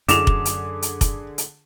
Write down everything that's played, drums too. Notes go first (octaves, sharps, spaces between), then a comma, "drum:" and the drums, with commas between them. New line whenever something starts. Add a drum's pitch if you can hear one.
F#2 D3 G#4 D6 E7 F7, drum: hi-hat
drum: kick F1
drum: hi-hat
drum: hi-hat
drum: kick F1, hi-hat
drum: hi-hat